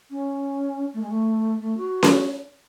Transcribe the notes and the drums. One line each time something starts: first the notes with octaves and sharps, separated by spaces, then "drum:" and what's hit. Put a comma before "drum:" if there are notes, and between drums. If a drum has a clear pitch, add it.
C#4
A3
G#3
A3
A3
F#4
drum: snare C#4